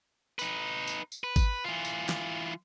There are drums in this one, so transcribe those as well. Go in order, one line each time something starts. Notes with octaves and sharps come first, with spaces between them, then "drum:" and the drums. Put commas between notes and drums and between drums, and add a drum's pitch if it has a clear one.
D#4 B4, drum: tambourine
drum: tambourine
drum: tambourine
B4
drum: kick G#1, tambourine
E3 F4
drum: tambourine
drum: snare